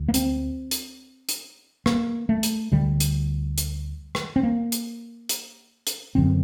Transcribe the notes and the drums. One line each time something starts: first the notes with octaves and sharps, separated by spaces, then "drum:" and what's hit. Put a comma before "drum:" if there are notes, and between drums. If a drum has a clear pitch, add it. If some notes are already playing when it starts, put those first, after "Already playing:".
Already playing: D2
A#3
C4, drum: hi-hat
drum: hi-hat
drum: hi-hat
A#3, drum: rim click
A3
drum: hi-hat
D2 D3 G3
drum: hi-hat
drum: hi-hat
drum: rim click
C4
A#3
drum: hi-hat
drum: hi-hat
drum: hi-hat
F#1 F#2 D3 C4